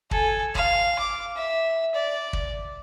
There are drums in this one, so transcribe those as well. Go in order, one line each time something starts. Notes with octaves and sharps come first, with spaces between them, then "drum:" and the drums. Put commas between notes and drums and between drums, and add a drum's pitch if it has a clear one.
A4 G#5, drum: kick
F5, drum: kick
D6
E5
D5
drum: kick